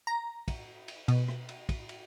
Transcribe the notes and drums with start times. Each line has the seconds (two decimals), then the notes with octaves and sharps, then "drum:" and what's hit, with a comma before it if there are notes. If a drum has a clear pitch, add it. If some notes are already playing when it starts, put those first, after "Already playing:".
0.07 A#5
0.48 drum: kick, cymbal
0.88 drum: cymbal
1.08 B2, drum: cymbal
1.28 drum: rim click
1.49 drum: cymbal
1.69 drum: kick, cymbal
1.89 drum: cymbal